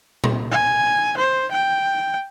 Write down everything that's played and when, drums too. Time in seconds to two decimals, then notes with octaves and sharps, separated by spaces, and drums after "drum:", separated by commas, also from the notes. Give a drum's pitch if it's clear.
0.24 drum: tom A#2
0.51 G#5
1.17 C5
1.51 G5